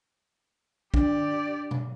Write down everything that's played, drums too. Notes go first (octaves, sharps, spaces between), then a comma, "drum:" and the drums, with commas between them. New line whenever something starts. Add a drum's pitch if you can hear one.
D4 G4 D5, drum: kick
drum: tom B2